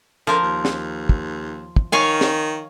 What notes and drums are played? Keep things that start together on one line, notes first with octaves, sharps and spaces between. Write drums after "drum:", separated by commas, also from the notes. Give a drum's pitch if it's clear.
D3 F3 A#4
D#2
drum: snare
drum: kick
drum: kick
D#3 C#5 F5 G#5
drum: snare